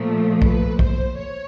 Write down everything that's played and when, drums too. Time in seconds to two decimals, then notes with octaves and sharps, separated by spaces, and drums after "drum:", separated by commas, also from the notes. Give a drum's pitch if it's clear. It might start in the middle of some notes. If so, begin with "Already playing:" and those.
Already playing: A#2 F3 A3
0.42 B4, drum: kick
0.79 C5, drum: kick
1.17 C#5